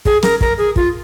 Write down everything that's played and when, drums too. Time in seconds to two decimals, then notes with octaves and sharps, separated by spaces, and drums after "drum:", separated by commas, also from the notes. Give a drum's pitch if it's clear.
0.05 G#4, drum: kick
0.23 A#4, drum: snare
0.41 A#4, drum: kick
0.58 G#4
0.76 F4, drum: kick